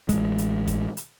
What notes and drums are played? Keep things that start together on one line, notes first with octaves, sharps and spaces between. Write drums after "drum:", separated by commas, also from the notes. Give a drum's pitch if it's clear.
A1 G#3, drum: kick, hi-hat
drum: hi-hat
drum: kick, hi-hat
drum: hi-hat